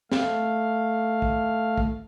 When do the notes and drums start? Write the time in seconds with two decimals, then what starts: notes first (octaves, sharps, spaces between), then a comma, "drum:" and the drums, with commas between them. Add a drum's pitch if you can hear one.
0.12 A3 F5, drum: snare
1.22 drum: kick
1.77 drum: kick